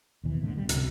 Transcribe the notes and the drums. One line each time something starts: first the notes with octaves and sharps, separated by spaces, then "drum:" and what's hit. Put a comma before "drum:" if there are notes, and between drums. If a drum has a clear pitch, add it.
D#2 B2 E3
A2 D3
B2 G3
C#2 C3, drum: hi-hat